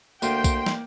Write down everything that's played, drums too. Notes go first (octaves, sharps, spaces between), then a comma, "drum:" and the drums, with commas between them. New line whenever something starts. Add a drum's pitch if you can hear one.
D2 A#3 G5 C6, drum: tambourine
drum: kick B1, tambourine
drum: snare